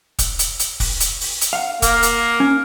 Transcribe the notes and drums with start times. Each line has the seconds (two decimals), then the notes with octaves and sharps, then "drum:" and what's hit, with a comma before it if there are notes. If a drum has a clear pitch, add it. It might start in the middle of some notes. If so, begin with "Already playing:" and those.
0.19 drum: kick, hi-hat
0.39 drum: hi-hat
0.59 drum: hi-hat
0.80 drum: kick, open hi-hat
1.00 drum: hi-hat
1.21 drum: open hi-hat
1.41 drum: hi-hat
1.53 F5 F#5
1.82 A#3, drum: kick, hi-hat
2.03 drum: hi-hat
2.40 C#4